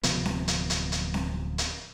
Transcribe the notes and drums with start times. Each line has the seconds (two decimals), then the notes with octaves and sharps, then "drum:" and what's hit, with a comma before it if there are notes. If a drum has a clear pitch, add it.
0.03 D1 C3 F3 B3, drum: hi-hat
0.26 drum: snare C4
0.48 drum: hi-hat
0.70 drum: hi-hat
0.92 drum: hi-hat
1.14 drum: snare C4
1.58 drum: hi-hat